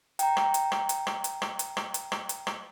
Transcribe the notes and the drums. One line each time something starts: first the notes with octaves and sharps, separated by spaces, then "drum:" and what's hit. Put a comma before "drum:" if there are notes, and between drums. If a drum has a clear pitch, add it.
G5 A#5, drum: hi-hat
drum: rim click
drum: hi-hat
drum: rim click
drum: hi-hat
drum: rim click
drum: hi-hat
drum: rim click
drum: hi-hat
drum: rim click
drum: hi-hat
drum: rim click
drum: hi-hat
drum: rim click